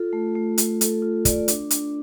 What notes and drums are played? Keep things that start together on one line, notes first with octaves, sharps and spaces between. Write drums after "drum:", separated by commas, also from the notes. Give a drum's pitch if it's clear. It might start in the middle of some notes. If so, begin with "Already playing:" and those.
Already playing: F4 A4
A3
A3
A3, drum: hi-hat
A4, drum: hi-hat
F4
D5, drum: kick, hi-hat
D4, drum: hi-hat
D4, drum: hi-hat